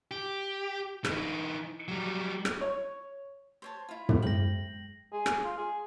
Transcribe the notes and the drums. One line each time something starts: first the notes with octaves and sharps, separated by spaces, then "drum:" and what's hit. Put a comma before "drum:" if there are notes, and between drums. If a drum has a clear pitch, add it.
G4
E3 D#4, drum: rim click
F#3 G3
drum: rim click
C#5
C5 C#5 A5
E4 F4
drum: tom
G#3 G#4 C5 G5 A#6 F#7
G#4
drum: rim click
F4
G#4